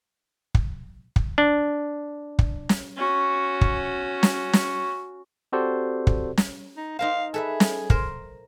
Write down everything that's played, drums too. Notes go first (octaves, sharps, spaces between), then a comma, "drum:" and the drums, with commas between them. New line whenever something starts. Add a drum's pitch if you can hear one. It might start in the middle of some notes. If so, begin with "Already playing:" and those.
drum: kick
drum: kick
D4
drum: kick
drum: snare
C#4 F#4
drum: kick
drum: snare
drum: snare
C4 F#4 G4 A4 C5 D5
drum: kick
drum: snare
D#4
D#4 A#4 C5 F5
G#4 A4 B4 E5
drum: snare
A#4 C5, drum: kick